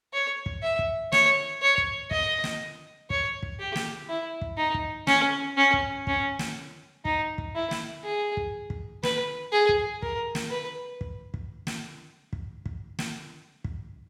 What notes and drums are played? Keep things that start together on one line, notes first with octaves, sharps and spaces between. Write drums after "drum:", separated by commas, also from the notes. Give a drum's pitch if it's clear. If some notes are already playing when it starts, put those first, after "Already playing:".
C#5
drum: kick
E5
drum: kick
C#5, drum: snare
C#5
drum: kick
D#5, drum: kick
drum: snare
C#5, drum: kick
drum: kick
G4
drum: snare
E4
drum: kick
D#4
drum: kick
C#4, drum: snare
C#4
drum: kick
C#4, drum: kick
drum: snare
D#4, drum: kick
drum: kick
E4
drum: snare
G#4
drum: kick
drum: kick
B4, drum: snare
G#4
drum: kick
A#4, drum: kick
drum: snare
B4
drum: kick
drum: kick
drum: snare
drum: kick
drum: kick
drum: snare
drum: kick